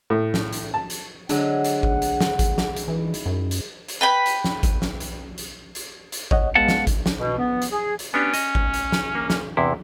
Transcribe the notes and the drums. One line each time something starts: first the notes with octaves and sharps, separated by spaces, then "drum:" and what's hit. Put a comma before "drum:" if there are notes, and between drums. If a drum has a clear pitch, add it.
A2
drum: snare
drum: hi-hat
A5
drum: hi-hat
D3 F#3 G#3 D4 F#5, drum: hi-hat
drum: hi-hat
drum: kick G#1
drum: hi-hat
drum: snare
drum: kick G#1, hi-hat
drum: snare
drum: hi-hat
E3 D#4 E4
drum: hi-hat
F#2
drum: hi-hat
drum: hi-hat
B4 G5 B5
drum: hi-hat
drum: snare
drum: kick G#1, hi-hat
drum: snare
drum: hi-hat
drum: hi-hat
drum: hi-hat
drum: hi-hat
C#5 D#5 F#5, drum: kick G#1
G#3 B3 F5 F#5 A5
drum: snare
drum: kick G#1, hi-hat
drum: snare
B2
B3
drum: hi-hat
G#4
drum: hi-hat
B3 C#4 D4 G4
D#5, drum: hi-hat
drum: kick G#1
drum: hi-hat
drum: snare
A#3
drum: snare
E2 C3 E4